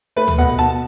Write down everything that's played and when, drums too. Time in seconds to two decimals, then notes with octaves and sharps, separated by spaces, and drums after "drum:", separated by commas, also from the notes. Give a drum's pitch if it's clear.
0.16 A3 B4
0.28 drum: tom D2
0.38 B2 F#5
0.59 B2 A5